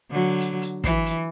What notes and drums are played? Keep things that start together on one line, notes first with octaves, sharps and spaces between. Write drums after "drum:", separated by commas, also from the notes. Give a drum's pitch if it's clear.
D3 F#3
drum: hi-hat
drum: hi-hat
E3, drum: kick, hi-hat
drum: hi-hat